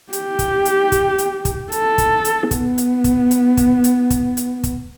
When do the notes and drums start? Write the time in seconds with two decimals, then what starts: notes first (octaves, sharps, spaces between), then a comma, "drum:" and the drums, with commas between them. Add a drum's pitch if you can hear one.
0.13 G4, drum: hi-hat
0.39 drum: kick, hi-hat
0.65 drum: hi-hat
0.92 drum: kick, hi-hat
1.18 drum: hi-hat
1.45 drum: kick, hi-hat
1.72 A4, drum: hi-hat
1.98 drum: kick, hi-hat
2.25 drum: hi-hat
2.51 B3, drum: kick, hi-hat
2.78 drum: hi-hat
3.04 drum: kick, hi-hat
3.31 drum: hi-hat
3.57 drum: kick, hi-hat
3.84 drum: hi-hat
4.10 drum: kick, hi-hat
4.37 drum: hi-hat
4.63 drum: kick, hi-hat